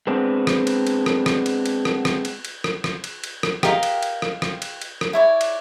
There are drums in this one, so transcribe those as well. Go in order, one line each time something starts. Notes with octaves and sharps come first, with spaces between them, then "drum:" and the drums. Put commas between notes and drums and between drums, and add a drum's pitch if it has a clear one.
G#3 B3 C4 D4
drum: rim click
drum: cymbal
drum: cymbal
drum: rim click
drum: rim click
drum: cymbal
drum: cymbal
drum: rim click
drum: rim click
drum: cymbal
drum: cymbal
drum: rim click
drum: rim click
drum: cymbal
drum: cymbal
drum: rim click
G4 A#4 D#5 F5, drum: rim click
drum: cymbal
drum: cymbal
drum: rim click
drum: rim click
drum: cymbal
drum: cymbal
drum: rim click
E4 C#5 D5
drum: cymbal